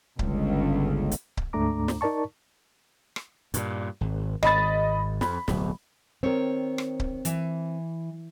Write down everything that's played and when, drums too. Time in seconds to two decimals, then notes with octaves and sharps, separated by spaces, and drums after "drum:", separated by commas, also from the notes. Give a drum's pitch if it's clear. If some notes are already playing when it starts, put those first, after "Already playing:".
0.19 G1 C#2, drum: kick C#1
1.11 drum: hi-hat
1.37 drum: kick C#1
1.53 D2 G#2 A3 D4 A#5 D6
1.88 drum: snare
2.01 D#4 A#4 D5 A5 C#6
3.16 drum: rim click
3.54 G2 A#2, drum: hi-hat
4.01 G#1
4.43 G#1 D#5 B5 A6, drum: rim click
5.21 F2 B5, drum: snare
5.48 D1 B1, drum: snare
6.23 D#3 C4 A#4 C#5
6.78 drum: rim click
7.00 drum: kick C#1
7.25 E3, drum: hi-hat